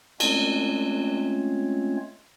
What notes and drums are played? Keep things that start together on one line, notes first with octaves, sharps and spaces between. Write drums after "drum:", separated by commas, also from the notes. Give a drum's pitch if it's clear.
G#3 A3 C4 C#4 F4 C#5, drum: cymbal